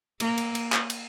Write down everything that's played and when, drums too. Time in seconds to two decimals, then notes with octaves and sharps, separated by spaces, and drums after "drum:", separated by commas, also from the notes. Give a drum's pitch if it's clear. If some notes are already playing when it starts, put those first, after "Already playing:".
0.20 A#3, drum: cymbal
0.38 drum: cymbal
0.55 drum: cymbal
0.72 drum: clap
0.90 drum: cymbal